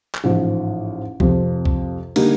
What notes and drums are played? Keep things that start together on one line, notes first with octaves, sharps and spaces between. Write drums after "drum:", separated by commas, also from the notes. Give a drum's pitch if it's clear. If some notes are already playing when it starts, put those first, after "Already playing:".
drum: clap
A1 G#2 F3
F2 C3 F3, drum: kick
drum: kick
D3 G3 A#3 D#4, drum: cymbal